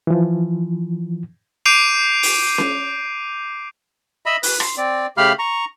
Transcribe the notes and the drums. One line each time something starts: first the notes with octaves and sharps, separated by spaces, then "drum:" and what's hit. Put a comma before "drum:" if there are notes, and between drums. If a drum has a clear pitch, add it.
E3 F3
D6 G6 C7 D7 D#7 F7
drum: open hi-hat
drum: snare C#4
D#5 E5 B5
B4, drum: open hi-hat
C6, drum: rim click
C4 D5
C#3 A3 G4 F5 B5 F6
A#5 C#6